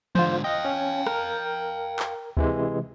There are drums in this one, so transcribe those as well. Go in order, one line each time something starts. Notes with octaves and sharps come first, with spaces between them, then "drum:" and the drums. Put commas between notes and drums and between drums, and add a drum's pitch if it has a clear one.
G#2 D3 F4 C5, drum: tom E3
D#5 F5 G5
C#4
A#4, drum: rim click
drum: clap
C3 E3 G#3, drum: kick D2